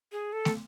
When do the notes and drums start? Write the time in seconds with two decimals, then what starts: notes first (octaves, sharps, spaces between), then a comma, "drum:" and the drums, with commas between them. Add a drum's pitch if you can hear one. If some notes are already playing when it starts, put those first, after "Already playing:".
0.12 G#4
0.33 A4
0.45 drum: snare